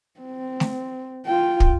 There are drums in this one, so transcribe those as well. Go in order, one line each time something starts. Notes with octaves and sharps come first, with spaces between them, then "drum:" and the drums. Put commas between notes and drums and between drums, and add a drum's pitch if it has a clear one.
C4
drum: snare
F4 G5
drum: kick